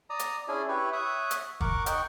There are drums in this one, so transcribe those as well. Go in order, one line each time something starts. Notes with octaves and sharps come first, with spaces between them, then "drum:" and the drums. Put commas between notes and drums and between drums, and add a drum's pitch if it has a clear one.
D5 A#5 D#6
drum: hi-hat
C#4 D4 E4 G#4 G#5
E4 G4 B4 C#5
C#5 E5 D#6 F#6
drum: hi-hat
A#4 F#5 C#6 D6, drum: kick
D#4 F#5 G5 C#6, drum: hi-hat